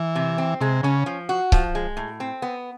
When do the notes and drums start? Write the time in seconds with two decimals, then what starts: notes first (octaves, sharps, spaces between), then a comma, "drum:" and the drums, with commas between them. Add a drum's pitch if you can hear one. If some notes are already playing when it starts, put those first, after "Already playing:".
Already playing: E3
0.15 C3
0.38 C4
0.61 C3 G#3
0.83 C#3 C#4
1.06 F3
1.29 F#4
1.52 F3, drum: kick C#1
1.75 G#3
1.97 A2
2.20 C4
2.42 B3